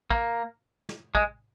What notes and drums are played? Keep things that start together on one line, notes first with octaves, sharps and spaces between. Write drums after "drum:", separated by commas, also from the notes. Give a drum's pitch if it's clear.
A#3, drum: kick
drum: snare
G#3, drum: kick